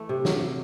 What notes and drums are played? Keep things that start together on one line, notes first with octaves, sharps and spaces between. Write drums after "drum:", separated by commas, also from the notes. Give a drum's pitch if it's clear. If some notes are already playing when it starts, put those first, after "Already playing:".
Already playing: E3 A3
C3
F#3, drum: snare